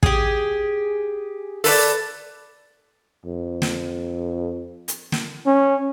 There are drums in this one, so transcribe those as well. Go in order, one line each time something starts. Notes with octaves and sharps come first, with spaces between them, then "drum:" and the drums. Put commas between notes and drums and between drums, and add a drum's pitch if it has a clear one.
G4 G#4, drum: kick
A4 B4 D5, drum: open hi-hat
F2
drum: snare
drum: hi-hat
drum: snare
C#4